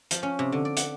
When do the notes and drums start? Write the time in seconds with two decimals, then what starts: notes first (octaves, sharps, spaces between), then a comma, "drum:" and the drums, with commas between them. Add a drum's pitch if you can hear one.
0.11 F3, drum: hi-hat
0.23 C#4
0.39 C3
0.52 D3
0.65 D5
0.77 F#5, drum: hi-hat